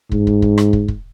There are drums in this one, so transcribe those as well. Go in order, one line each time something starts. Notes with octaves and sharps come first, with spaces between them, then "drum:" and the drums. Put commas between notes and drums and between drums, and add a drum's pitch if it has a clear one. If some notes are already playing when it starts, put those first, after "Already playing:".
G#2, drum: kick
drum: kick
drum: kick
drum: rim click
drum: kick
drum: kick